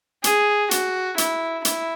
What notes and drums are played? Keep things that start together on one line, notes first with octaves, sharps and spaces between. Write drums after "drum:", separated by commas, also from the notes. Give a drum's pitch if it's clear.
G#4, drum: hi-hat
F#4, drum: hi-hat
E4, drum: hi-hat
E4, drum: hi-hat